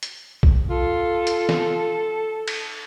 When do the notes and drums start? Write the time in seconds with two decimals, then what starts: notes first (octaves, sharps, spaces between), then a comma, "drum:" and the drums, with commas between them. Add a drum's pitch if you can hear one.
0.03 drum: hi-hat
0.43 drum: kick
0.70 F4 A4
1.27 drum: hi-hat
1.49 drum: snare
2.48 drum: cymbal